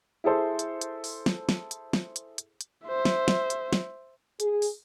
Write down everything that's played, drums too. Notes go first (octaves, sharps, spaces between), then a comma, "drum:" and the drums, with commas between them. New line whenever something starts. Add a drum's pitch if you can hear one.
E4 G#4 A4 C5
drum: hi-hat
drum: hi-hat
drum: open hi-hat
drum: snare
drum: snare
drum: hi-hat
drum: snare
drum: hi-hat
drum: hi-hat
drum: hi-hat
C5 E5
drum: snare
drum: snare
drum: hi-hat
drum: snare
G#4, drum: hi-hat
drum: open hi-hat